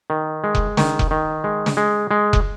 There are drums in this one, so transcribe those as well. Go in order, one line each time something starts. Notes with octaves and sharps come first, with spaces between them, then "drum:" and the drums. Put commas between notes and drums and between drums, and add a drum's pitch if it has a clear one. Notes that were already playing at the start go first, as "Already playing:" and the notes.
D#3
G#3
drum: kick F1
D#3, drum: snare
drum: kick F1
D#3
G#3
drum: snare
G#3
G#3
drum: kick F1